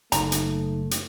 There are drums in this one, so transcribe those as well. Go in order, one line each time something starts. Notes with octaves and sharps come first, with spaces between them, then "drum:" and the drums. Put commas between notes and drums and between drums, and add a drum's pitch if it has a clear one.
F#1 A3 D#4 A#5, drum: hi-hat
drum: hi-hat
drum: hi-hat